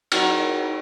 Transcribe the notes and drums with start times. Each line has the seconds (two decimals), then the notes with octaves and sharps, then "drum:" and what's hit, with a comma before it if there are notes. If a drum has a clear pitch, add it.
0.12 D#3 F#3 E4, drum: cymbal